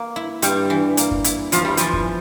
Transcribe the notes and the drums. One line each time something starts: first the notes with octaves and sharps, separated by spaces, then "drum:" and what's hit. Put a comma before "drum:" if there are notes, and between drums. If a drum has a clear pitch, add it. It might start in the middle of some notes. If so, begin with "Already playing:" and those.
Already playing: A#3
E4
G2 G3, drum: hi-hat
E3
A#3, drum: hi-hat
drum: kick
E4, drum: hi-hat
E2 F3, drum: hi-hat
G3
E3 F3, drum: hi-hat
drum: kick